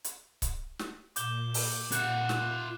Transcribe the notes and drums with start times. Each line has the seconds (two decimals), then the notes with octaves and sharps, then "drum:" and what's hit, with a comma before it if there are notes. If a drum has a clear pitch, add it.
0.04 drum: hi-hat
0.42 drum: kick C#1, hi-hat
0.79 drum: snare
1.16 A#2 D6 G6 G7, drum: hi-hat
1.54 drum: open hi-hat
1.92 F4 F#5 F#6 G6 E7, drum: hi-hat
2.29 drum: snare